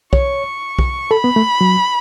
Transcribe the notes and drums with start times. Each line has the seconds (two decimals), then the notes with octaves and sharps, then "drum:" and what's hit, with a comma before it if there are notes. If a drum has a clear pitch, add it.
0.13 C#5 C#6, drum: kick B1
0.79 drum: kick B1
1.11 A4 B5
1.24 B3
1.36 A3
1.61 F#3